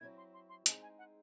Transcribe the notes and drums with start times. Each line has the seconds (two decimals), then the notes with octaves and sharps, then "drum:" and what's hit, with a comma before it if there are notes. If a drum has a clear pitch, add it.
0.01 F#3 C4 E4 G#6
0.17 C6
0.34 C6
0.49 C6
0.66 G#3 C4 D#4 G#4 A5, drum: hi-hat
0.82 G#5
0.98 F#5